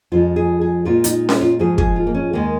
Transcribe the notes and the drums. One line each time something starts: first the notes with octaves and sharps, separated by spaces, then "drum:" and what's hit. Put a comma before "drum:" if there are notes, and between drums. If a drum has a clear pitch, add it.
F2 F3 G#3 F4
G#4
G#4
A#2 G#3 F4
D#4, drum: hi-hat
drum: snare C#4
F4
G#2 F3 G#3 G#4
G#4, drum: kick
F4
A#3
C#4
D#2 D#3 G#3 A#3